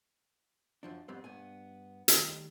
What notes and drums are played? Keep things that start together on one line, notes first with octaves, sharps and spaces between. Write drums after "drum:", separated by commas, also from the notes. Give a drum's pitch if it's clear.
F#2 F3 D4
F2 G#2 G3 B3 C4
G2 B3 G#5
D#3 G3 A3 D#5 C6, drum: hi-hat